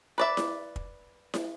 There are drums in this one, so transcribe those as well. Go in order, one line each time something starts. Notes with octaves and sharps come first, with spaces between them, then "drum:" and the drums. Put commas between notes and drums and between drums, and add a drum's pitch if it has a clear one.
B4 D5 E5
drum: snare E4
drum: kick
drum: snare E4